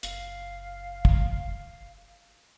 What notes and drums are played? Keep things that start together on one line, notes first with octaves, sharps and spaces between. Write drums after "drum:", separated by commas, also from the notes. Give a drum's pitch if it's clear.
F#1 F5, drum: hi-hat
drum: kick